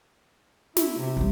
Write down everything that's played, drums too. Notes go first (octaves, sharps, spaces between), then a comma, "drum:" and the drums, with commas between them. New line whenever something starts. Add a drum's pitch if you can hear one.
E4, drum: snare
C3
A1 G3